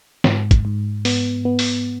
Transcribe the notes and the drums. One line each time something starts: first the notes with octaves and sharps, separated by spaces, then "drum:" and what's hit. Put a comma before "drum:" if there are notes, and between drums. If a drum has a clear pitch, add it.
G#2, drum: snare
drum: kick, hi-hat
G#2
B3, drum: open hi-hat
B3
drum: open hi-hat